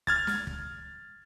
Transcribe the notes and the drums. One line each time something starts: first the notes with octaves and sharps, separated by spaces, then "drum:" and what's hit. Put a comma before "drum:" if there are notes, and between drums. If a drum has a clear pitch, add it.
F6 G#6 A6, drum: kick
drum: snare
drum: kick